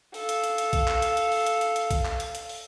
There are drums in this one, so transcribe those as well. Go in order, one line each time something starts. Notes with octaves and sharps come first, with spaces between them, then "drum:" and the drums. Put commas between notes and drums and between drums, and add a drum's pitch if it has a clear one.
A4 F5, drum: open hi-hat
drum: hi-hat
drum: hi-hat
drum: hi-hat
drum: kick, hi-hat
drum: clap
drum: hi-hat
drum: hi-hat
drum: open hi-hat
drum: hi-hat
drum: hi-hat
drum: hi-hat
drum: kick, hi-hat
drum: clap
drum: hi-hat
drum: hi-hat
drum: open hi-hat